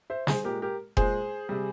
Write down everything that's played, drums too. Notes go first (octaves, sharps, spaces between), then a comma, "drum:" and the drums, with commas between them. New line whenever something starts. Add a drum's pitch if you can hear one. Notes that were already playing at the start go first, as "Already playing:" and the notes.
C5 E5
G#4 C5, drum: snare
A#2 G#3 G4 A#4
G4 A#4
A#2 G#3 G#4 C5, drum: kick F1
C3 G3